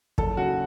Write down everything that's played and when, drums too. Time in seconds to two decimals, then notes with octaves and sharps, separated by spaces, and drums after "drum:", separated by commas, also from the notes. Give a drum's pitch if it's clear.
0.18 F#1 A4, drum: kick
0.37 C#3 F#4